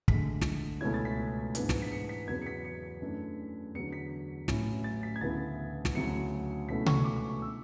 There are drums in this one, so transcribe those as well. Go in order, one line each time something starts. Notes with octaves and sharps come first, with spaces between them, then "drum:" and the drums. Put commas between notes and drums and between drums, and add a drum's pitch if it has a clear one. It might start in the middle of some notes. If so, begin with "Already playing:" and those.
D2 D3 G#3 B6, drum: kick
drum: snare
C#2 B2 A3 C#4 E4 G#6
A6
B6
G#2 E3 B3 D4, drum: hi-hat
drum: snare
B6
C#7
B6
E2 C#3 F#3 B3 G#6
C#7
B6
C#7
F#2 E3 A3 D4
E2 D3 F#3 C#7
B6
A1 A2 F#3 C#4 E4, drum: snare
A6
B6
G#6
D2 C#3 E3 B3 E4 A6
drum: snare
D2 C#3 F#3 C#4 E4 C#7
C#2 B2 A3 C#4 E4 B6
C#6, drum: tom C3
D6
D6
C#6
C#3 E6